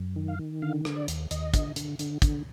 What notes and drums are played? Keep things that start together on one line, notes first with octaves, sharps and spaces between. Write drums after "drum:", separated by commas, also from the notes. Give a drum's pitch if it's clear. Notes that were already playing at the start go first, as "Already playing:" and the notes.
Already playing: F#2
D#3
F5
D#3
D3 F5
D3, drum: rim click
D5
D#2, drum: hi-hat
D#2 D#5, drum: hi-hat
D3, drum: kick, hi-hat
D3, drum: hi-hat
D3, drum: hi-hat
D3, drum: kick, hi-hat